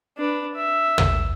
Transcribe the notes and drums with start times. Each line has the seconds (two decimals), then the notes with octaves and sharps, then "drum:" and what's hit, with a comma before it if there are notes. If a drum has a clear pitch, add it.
0.18 D4 B4
0.55 E5
0.98 drum: tom